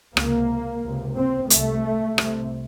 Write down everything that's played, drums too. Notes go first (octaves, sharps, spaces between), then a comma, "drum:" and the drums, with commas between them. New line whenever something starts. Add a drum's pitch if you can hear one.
C#2 C3 A#3, drum: rim click
C#2 C3
C4
C2 C3 A3, drum: hi-hat
C2 C3, drum: rim click